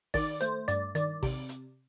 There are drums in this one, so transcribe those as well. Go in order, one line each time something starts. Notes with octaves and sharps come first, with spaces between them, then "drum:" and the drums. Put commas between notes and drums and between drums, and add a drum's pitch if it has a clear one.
D#3 D5, drum: kick A1, open hi-hat
A3 C5, drum: hi-hat
G2 D5, drum: hi-hat
D#3 D5, drum: hi-hat
C3, drum: kick A1, open hi-hat
drum: hi-hat